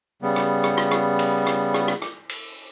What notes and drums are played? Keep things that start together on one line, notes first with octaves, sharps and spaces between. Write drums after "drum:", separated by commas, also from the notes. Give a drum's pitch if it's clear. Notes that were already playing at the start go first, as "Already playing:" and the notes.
C#3 G3 B3
drum: rim click
drum: rim click
drum: rim click
drum: rim click
drum: cymbal
drum: rim click
drum: rim click
drum: rim click
drum: rim click
drum: cymbal